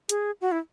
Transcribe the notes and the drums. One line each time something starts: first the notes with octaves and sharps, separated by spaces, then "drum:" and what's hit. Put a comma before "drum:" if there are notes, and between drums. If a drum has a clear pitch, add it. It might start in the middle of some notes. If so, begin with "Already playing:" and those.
G#4, drum: hi-hat
F#4
E4